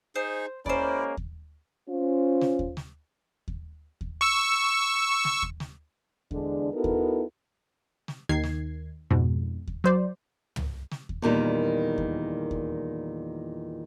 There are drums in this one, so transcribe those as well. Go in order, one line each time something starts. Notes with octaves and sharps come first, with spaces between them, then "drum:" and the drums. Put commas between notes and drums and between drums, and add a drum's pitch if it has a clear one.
D#4 G#4 C5
G#3 A#3 C#4 E4 C5 D5, drum: kick D#2
drum: kick D#2
C#4 F4 C5
drum: snare
drum: kick D#2
drum: snare
drum: kick D#2
drum: kick D#2
C#6 E6
drum: snare
drum: kick D#2
drum: snare
E2 D3 G#3 D4, drum: kick D#2
B3 D#4 E4 F#4 A4 A#4
drum: kick D#2
drum: snare
D#2 D#3 G#6 C7
drum: snare
F2 G#2 B2
drum: kick D#2
F#3 C5 D5
drum: tom
drum: snare
drum: kick D#2
E2 A#2 D#3 G3
drum: kick D#2
drum: kick D#2